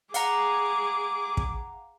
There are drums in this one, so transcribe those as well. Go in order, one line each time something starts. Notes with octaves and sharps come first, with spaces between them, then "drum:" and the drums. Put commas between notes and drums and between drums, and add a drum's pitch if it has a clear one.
G#4 F5 F#5 A#5 D6, drum: hi-hat
drum: kick